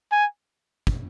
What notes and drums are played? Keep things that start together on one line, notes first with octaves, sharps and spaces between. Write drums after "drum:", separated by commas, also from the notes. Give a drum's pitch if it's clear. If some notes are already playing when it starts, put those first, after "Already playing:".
G#5
drum: kick